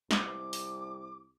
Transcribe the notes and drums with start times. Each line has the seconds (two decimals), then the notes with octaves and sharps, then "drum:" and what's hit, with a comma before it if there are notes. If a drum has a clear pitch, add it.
0.11 C2 D6, drum: snare
0.53 drum: open hi-hat